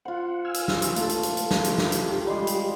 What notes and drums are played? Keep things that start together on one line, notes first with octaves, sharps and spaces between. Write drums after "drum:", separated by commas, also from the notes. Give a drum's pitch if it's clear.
F4 C5 F#5
G#5 E6 F6
drum: hi-hat
drum: snare
drum: hi-hat
A3 F4 A4, drum: hi-hat
drum: hi-hat
drum: hi-hat
drum: hi-hat
drum: snare
drum: hi-hat
drum: snare
drum: hi-hat
G4
G3 G#3 C6
drum: hi-hat